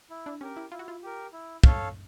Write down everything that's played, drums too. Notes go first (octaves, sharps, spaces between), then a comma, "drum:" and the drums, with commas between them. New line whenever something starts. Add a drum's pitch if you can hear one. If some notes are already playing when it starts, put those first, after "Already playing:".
E4
D4
C#4 G4 A#4
E4
E4 F4
F#4
F4
G4 A#4
E4
A4 C#5 F5, drum: kick